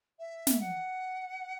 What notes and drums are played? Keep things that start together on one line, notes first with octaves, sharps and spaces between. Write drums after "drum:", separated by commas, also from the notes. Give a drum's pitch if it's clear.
E5
drum: snare
F#5